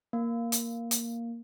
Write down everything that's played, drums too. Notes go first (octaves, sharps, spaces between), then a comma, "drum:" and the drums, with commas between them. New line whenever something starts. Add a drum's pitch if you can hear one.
A#3
drum: hi-hat
drum: hi-hat